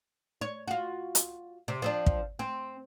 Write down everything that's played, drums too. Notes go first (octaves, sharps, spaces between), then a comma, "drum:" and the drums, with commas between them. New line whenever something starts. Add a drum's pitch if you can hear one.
C#5
F4 F#4
drum: hi-hat
C3
F3 C4 D4
drum: kick
C4